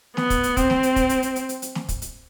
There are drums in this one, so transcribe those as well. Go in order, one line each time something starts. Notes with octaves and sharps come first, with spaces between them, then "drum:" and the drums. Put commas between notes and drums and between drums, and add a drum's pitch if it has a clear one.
B3, drum: snare
drum: kick, hi-hat
drum: hi-hat
C4, drum: kick, hi-hat
drum: snare
drum: hi-hat
drum: kick, hi-hat
drum: hi-hat
drum: hi-hat
drum: hi-hat
drum: hi-hat
drum: hi-hat
drum: snare
drum: kick, hi-hat
drum: hi-hat